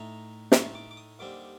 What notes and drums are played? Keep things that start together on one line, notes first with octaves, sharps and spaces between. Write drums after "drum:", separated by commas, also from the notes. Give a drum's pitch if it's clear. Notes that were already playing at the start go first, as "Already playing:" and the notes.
Already playing: A2 A3 D#4 A#5
A2 A3 D#4 C6, drum: snare
D6
D6
D#6
D#2 D3 G3 C4 D6